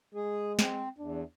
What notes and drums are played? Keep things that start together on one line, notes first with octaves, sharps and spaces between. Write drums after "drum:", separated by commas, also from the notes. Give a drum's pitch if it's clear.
G#3 G#4
C4, drum: snare
E2 D4